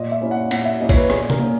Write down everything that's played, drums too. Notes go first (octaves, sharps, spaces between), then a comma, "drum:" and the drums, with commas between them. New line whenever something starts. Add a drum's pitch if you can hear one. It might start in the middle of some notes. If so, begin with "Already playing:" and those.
Already playing: A#2 D#5
E5
A#3 C#4 E4
F#5
A#2 F#5, drum: cymbal
E5
A#3 C#4 E4 D#5
C#5, drum: kick, cymbal
B4
A#2 G#4, drum: rim click
A#4, drum: tom
A#3 C#4